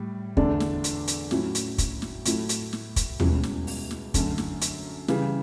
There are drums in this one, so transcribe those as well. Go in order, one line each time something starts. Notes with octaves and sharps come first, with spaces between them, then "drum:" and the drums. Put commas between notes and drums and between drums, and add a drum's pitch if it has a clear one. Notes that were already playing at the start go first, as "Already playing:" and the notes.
Already playing: A2 G3
E2 D3 A3 D4, drum: kick
drum: snare
drum: hi-hat
drum: hi-hat
A2 F#3 C#4 E4, drum: snare
drum: hi-hat
drum: kick, hi-hat
drum: snare
A2 F#3 A3 E4, drum: hi-hat
drum: hi-hat
drum: snare
drum: kick, hi-hat
C#2 B2 G3 C#4 E4, drum: tom D#2
drum: snare
drum: open hi-hat
drum: snare
F#2 D3 A3, drum: kick, hi-hat
drum: snare
drum: hi-hat
C#3 E3 G3, drum: snare